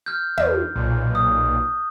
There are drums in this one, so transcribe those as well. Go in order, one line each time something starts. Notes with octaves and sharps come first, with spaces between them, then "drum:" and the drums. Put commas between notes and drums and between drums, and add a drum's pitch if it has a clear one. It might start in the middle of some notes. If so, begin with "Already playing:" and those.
F6 G6
E2, drum: tom
B1 A#2
D#6